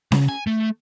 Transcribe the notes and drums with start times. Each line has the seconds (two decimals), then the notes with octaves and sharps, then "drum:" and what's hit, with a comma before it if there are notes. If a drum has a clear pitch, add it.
0.12 C#3, drum: snare C#4
0.29 G#5
0.47 A3